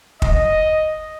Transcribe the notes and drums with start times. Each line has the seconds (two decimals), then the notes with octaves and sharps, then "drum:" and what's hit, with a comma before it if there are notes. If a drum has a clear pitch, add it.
0.22 D#5, drum: kick